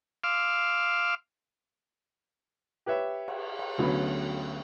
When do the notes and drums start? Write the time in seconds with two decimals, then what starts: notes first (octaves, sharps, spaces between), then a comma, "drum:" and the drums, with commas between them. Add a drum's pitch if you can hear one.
0.24 F5 C6 D6 E6 F6
2.86 G4 B4 C#5 E5
3.28 drum: cymbal
3.59 drum: cymbal
3.78 D2 F#3 A3 B3 C#4 B5